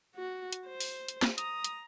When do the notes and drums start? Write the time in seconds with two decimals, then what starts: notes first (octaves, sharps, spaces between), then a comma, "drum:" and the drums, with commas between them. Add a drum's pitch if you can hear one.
0.16 F#4
0.53 drum: hi-hat
0.67 C5
0.81 drum: open hi-hat
1.08 drum: hi-hat
1.22 drum: snare
1.38 A#5 D#6, drum: hi-hat
1.64 drum: hi-hat